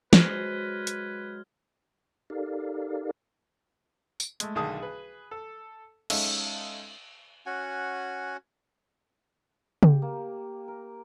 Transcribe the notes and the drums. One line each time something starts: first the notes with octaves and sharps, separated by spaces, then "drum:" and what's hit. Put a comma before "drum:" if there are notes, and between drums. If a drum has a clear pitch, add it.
F#3 G#3 B4 C5 F6 G#6, drum: snare
drum: hi-hat
D#4 G4 A4 A#4 D5 F5
drum: tambourine
G#3 A3, drum: hi-hat
B1 D3 D#3 G#4 A5 D#6
G#4 B4
A4
G#3 C#4 D#4 A4 E5 F5, drum: cymbal
C#4 F#4 F#5 G#5
G4, drum: tom C#3
A#3
A#4